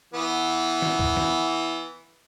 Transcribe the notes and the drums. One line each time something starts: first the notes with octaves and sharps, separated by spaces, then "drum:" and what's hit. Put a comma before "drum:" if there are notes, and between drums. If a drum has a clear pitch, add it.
E3 B3
drum: snare
drum: kick
drum: snare